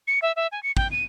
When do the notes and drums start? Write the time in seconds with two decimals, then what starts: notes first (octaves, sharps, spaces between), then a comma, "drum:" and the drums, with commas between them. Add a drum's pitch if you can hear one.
0.08 C#7
0.22 E5
0.36 E5
0.52 G#5
0.63 C#7
0.77 G5, drum: kick
0.91 D#7